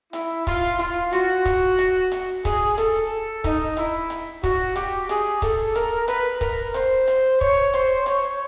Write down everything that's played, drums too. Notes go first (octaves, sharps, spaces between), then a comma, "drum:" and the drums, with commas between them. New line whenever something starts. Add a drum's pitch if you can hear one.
E4, drum: hi-hat
F4, drum: kick, hi-hat
F4, drum: hi-hat
F#4, drum: hi-hat
drum: kick, hi-hat
drum: hi-hat
drum: hi-hat
G#4, drum: kick, hi-hat
A4, drum: hi-hat
D#4, drum: kick, hi-hat
E4, drum: hi-hat
drum: hi-hat
F#4, drum: kick, hi-hat
G4, drum: hi-hat
G#4, drum: hi-hat
A4, drum: kick, hi-hat
A#4, drum: hi-hat
B4, drum: hi-hat
A#4, drum: kick, hi-hat
C5, drum: hi-hat
drum: hi-hat
C#5, drum: kick
C5, drum: hi-hat
C#5, drum: hi-hat